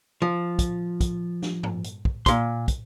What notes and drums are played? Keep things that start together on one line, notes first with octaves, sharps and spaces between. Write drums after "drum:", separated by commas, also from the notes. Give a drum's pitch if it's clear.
F3
drum: kick, hi-hat
drum: kick, hi-hat
drum: snare
drum: tom G2
drum: hi-hat
drum: kick
A#2 C6, drum: kick, hi-hat
drum: kick, hi-hat